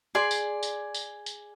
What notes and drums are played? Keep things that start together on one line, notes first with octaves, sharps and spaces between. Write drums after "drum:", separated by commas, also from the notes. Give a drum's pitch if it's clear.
G#4 D5 C6
drum: tambourine
drum: tambourine
drum: tambourine
drum: tambourine